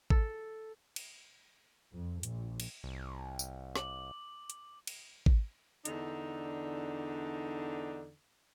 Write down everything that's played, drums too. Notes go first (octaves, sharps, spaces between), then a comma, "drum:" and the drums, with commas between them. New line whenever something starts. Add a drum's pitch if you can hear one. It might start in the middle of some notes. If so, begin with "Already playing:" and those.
A4, drum: kick G#1
drum: cymbal
F2
A#1, drum: hi-hat
drum: cymbal
C2
drum: tambourine
D6 F#7, drum: snare
drum: hi-hat
drum: cymbal
drum: kick G#1
E2 D3 D4 D#4, drum: hi-hat